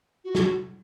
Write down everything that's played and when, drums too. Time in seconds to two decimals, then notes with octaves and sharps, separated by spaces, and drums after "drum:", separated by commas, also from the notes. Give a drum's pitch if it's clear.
0.24 F#4
0.35 drum: snare